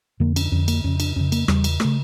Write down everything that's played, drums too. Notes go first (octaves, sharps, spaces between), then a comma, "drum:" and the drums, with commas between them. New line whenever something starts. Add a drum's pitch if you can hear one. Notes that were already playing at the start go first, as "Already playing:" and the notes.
F2 D3 A#3
C#4, drum: cymbal
D4
F2 D3 C#4
A#3, drum: cymbal
F2 C#3 C#4
D4, drum: cymbal
F2 C#3 C#4
A#3, drum: cymbal
E2 C#3 G3, drum: rim click
drum: cymbal
C#3 A3, drum: rim click